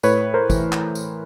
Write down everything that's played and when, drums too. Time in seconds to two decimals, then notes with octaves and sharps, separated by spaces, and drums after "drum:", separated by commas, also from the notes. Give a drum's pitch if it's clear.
0.03 A2 B4 C#5, drum: tambourine
0.34 A#4 C5
0.50 E3, drum: kick, tambourine
0.72 drum: clap
0.95 drum: tambourine